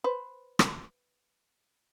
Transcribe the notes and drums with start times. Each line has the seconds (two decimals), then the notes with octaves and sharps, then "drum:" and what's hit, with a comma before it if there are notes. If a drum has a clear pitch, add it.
0.04 B4 C5
0.59 drum: rim click